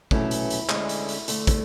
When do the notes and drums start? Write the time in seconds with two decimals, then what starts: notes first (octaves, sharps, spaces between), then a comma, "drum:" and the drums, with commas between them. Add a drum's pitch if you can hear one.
0.11 E2 B2 F#3 A3 C#4 E4, drum: kick
0.31 drum: hi-hat
0.50 drum: hi-hat
0.69 D2 D3 G#3 C#4, drum: clap
0.89 drum: hi-hat
1.09 drum: hi-hat
1.28 D2 D3 A3, drum: hi-hat
1.47 drum: kick, hi-hat